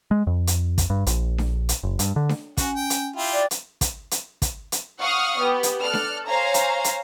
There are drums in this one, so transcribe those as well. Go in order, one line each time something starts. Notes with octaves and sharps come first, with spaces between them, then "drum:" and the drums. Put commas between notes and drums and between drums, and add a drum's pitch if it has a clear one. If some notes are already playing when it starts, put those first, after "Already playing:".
G#3
F2
drum: hi-hat
drum: kick, hi-hat
G2
A#1, drum: hi-hat
drum: snare D4
drum: hi-hat
F#1
G2, drum: hi-hat
D3
drum: snare D4
C#4 F#4 G#5, drum: kick, hi-hat
G5
drum: hi-hat
E4 F4 G4 G5
D5
drum: hi-hat
drum: kick, hi-hat
drum: hi-hat
drum: kick, hi-hat
drum: hi-hat
F5 F#5 C#6 D#6 F6
B3 G4
drum: hi-hat
A4 D5 F6 F#6
drum: snare D4
C5 C#5 F5 G#5 A#5
drum: hi-hat
drum: hi-hat